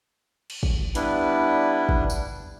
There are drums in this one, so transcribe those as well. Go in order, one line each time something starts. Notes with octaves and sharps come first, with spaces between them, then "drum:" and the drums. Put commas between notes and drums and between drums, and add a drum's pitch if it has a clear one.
drum: cymbal
drum: kick
G3 B3 D4 E4 B4, drum: hi-hat
drum: kick
drum: tambourine